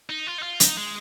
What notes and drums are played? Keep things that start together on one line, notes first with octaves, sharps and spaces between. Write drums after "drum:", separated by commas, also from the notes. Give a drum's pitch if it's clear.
D#4
F4
D#4
F4
D#4, drum: hi-hat
G#3